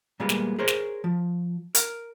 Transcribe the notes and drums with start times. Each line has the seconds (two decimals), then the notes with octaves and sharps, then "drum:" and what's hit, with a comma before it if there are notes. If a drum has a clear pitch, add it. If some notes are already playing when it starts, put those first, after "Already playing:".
0.20 A#2 G3 G#3 A#3 B3
0.29 drum: snare
0.59 G#4 A#4 C5 C#5
0.68 drum: snare
1.04 F3
1.75 A#4, drum: hi-hat